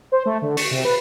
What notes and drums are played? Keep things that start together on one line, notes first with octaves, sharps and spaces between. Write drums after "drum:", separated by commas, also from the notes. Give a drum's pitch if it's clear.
C5
A3
D3
C#6, drum: open hi-hat
C3
B4